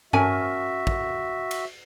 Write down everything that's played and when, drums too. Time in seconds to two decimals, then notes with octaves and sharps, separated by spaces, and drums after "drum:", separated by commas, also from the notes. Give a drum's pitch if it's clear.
0.13 C#4 F#4 A#4 E5 G#5, drum: tom G2
0.87 drum: kick
1.51 drum: cymbal